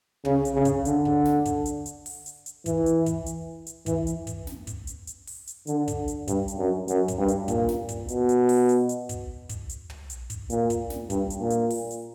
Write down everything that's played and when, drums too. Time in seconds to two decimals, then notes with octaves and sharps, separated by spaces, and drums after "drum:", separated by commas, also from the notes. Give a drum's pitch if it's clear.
0.25 C#3, drum: tom
0.45 drum: hi-hat
0.55 C#3
0.65 drum: kick, hi-hat
0.85 D3, drum: hi-hat
1.05 drum: kick
1.25 drum: snare
1.45 drum: kick, hi-hat
1.66 drum: hi-hat
1.86 drum: hi-hat
2.06 drum: open hi-hat
2.26 drum: hi-hat
2.46 drum: hi-hat
2.66 E3, drum: kick, hi-hat
2.86 drum: hi-hat
3.06 drum: kick, hi-hat
3.26 drum: hi-hat
3.67 drum: hi-hat
3.86 E3, drum: kick, hi-hat
4.07 drum: hi-hat
4.27 drum: kick, hi-hat
4.47 drum: snare
4.67 drum: kick, hi-hat
4.87 drum: hi-hat
5.07 drum: hi-hat
5.27 drum: open hi-hat
5.47 drum: hi-hat
5.67 D3, drum: hi-hat
5.88 drum: kick, hi-hat
6.08 drum: hi-hat
6.28 G2, drum: kick, hi-hat
6.48 drum: hi-hat
6.58 F#2
6.88 F#2, drum: hi-hat
7.08 drum: kick, hi-hat
7.18 G2
7.28 drum: hi-hat
7.48 A#2, drum: kick, hi-hat
7.68 drum: snare
7.89 drum: kick, hi-hat
8.08 B2, drum: hi-hat
8.29 drum: hi-hat
8.49 drum: open hi-hat
8.69 drum: hi-hat
8.89 drum: hi-hat
9.09 drum: kick, hi-hat
9.49 drum: kick, hi-hat
9.69 drum: hi-hat
9.90 drum: tom
10.10 drum: hi-hat
10.30 drum: kick, hi-hat
10.50 A#2, drum: hi-hat
10.70 drum: kick, hi-hat
10.90 drum: snare
11.10 G2, drum: kick, hi-hat
11.30 drum: hi-hat
11.40 A#2
11.50 drum: hi-hat
11.70 drum: open hi-hat
11.91 drum: hi-hat